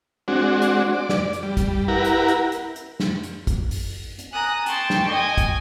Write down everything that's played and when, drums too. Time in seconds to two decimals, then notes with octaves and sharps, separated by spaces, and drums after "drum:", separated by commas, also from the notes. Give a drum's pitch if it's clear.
0.28 G#3 C4 D4 F#4
0.62 drum: hi-hat
0.94 D5
1.09 drum: snare
1.33 drum: hi-hat
1.43 G3
1.57 drum: kick, hi-hat
1.88 E4 G4 A#4 B4 F#5 A#5
2.04 drum: hi-hat
2.28 drum: hi-hat
2.52 drum: hi-hat
2.76 drum: hi-hat
3.00 drum: snare
3.23 drum: hi-hat
3.47 drum: kick, hi-hat
3.71 drum: open hi-hat
4.19 drum: hi-hat
4.32 G#5 A#5 D#6 F#6
4.66 G5 A5 C6 C#6, drum: hi-hat
4.90 drum: snare
5.07 D#5 G#5
5.38 drum: kick, hi-hat